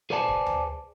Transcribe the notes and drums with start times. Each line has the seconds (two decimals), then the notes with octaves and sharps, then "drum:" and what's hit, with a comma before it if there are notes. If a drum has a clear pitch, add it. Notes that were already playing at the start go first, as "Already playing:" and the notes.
0.10 G#4 B4 C5 D5 G#5 A5
0.28 drum: kick
0.46 drum: tom D2